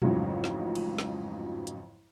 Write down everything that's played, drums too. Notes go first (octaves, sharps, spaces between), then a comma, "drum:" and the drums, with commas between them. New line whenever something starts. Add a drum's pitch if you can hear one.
A1 F2 G#2 C#3 F3 F#3, drum: tom A#2
drum: snare
drum: cymbal
drum: snare
drum: hi-hat